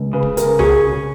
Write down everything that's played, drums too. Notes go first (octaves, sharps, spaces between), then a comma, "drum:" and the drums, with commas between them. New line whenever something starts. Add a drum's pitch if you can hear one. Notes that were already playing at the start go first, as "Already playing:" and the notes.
Already playing: C#2
C#3 B4
drum: kick
A#4, drum: hi-hat
C#4 G#4, drum: tom C2